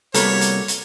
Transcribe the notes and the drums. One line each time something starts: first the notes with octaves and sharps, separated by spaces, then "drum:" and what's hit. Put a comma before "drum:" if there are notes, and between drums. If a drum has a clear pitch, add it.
C2 G3 A#3 B3 F#4 A4 C#5, drum: hi-hat
drum: hi-hat
drum: hi-hat